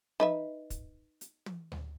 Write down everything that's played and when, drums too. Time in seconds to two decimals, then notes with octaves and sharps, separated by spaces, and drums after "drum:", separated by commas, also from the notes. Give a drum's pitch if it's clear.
0.20 D#4 B4 E5, drum: tom
0.70 drum: kick, hi-hat
1.21 drum: hi-hat
1.46 drum: tom
1.72 drum: tom D2